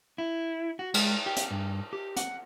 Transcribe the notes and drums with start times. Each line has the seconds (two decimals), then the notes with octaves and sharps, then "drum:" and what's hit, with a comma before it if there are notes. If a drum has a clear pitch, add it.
0.18 E4
0.79 F#4
0.94 G#3, drum: cymbal
1.26 G4
1.37 drum: hi-hat
1.51 G2
1.93 G4
2.16 F#5, drum: hi-hat